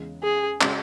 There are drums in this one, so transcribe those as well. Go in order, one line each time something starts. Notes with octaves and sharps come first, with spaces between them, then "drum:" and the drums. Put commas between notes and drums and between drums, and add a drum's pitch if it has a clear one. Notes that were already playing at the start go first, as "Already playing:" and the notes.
Already playing: E2 C#3 G#3
G#4
C#3 G#3 C#4 F#4, drum: clap